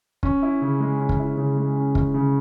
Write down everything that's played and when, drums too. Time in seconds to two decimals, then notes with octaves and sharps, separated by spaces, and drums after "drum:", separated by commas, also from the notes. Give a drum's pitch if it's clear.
0.23 C#4, drum: kick
0.42 E4
0.61 C#3
0.80 G#3
1.00 C#4
1.09 drum: kick
1.19 E4
1.37 C#3
1.57 G#3
1.76 C#4
1.95 E4, drum: kick
2.14 C#3